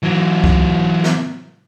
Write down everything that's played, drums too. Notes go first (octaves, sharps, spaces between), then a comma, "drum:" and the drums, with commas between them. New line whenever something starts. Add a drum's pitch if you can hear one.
E3 F#3
drum: kick C2
drum: snare